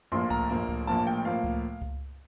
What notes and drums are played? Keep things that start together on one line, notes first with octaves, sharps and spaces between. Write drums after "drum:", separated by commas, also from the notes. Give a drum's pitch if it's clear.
A#1 A2 F3 A#3 C6
A#5, drum: kick C#2
A#1 A2 F3 A#3
drum: kick C#2
A#1 A2 F3 A#3 A5
G5
A2 F3 A#3 F5
drum: kick C#2
drum: kick C#2